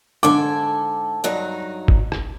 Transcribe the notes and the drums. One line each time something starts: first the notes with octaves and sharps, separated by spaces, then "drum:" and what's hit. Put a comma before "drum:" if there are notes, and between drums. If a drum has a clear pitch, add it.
G#2 D3 A4 G#5 D6
G2 F#3 D#4
drum: kick F#1
drum: rim click